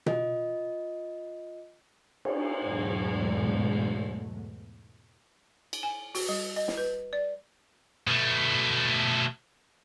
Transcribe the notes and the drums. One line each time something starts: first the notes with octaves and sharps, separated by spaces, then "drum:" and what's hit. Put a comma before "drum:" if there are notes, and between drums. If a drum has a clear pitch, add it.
F4 D#5, drum: tom B2
drum: cymbal
E2 G#2 B2 F#3 G#3 A3
drum: cymbal
G#5
F#4, drum: open hi-hat
G3
D#5
drum: snare
B4
D5
B2 A3